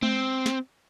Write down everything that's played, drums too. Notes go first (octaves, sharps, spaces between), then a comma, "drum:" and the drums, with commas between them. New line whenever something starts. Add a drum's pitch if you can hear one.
C4, drum: tom G#3
drum: snare